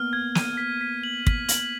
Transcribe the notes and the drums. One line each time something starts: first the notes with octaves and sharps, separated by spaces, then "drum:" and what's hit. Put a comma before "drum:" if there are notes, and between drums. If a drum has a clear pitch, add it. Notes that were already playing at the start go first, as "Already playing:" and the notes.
Already playing: A#3 B3 F6
G#6
D#7, drum: snare
B6
B6
F#7
B6, drum: kick
F#7, drum: hi-hat